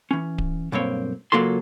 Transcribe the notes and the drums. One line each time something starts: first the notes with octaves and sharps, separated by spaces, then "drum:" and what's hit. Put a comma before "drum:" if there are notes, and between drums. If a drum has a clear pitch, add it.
E3 C#4
drum: kick D1
B1 G2 A#3 C4 C#5
C#2 F#3 A#3 F4 A4 C6